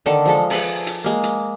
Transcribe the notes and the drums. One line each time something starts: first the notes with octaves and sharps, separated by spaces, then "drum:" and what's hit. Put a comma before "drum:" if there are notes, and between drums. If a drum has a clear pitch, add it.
D3 D#3 A4 A5
F3 G#3 A4
G#4 A4 B4 A#5, drum: open hi-hat
drum: hi-hat
G#3 A#3
drum: hi-hat